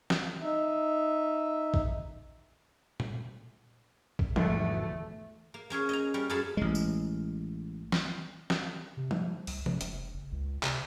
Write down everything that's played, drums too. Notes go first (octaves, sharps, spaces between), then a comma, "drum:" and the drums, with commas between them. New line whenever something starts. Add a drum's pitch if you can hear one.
drum: snare
D#4 E5
drum: kick A1
drum: tom A#2
drum: kick A1
G#1 E2 B2 D3 F3 A3, drum: tom G3
A#3
A#3 C#4 G#4 C#5
D#5 G#5 A#5
G3 C#4 A#4
F#2 A#3 G#4 A4 A5 B5
A1 G#3
drum: tambourine
drum: snare
drum: snare
C3
F3, drum: tom G3
C2, drum: open hi-hat
F3, drum: tom C3
F1, drum: hi-hat
F#1
C#2
C3, drum: clap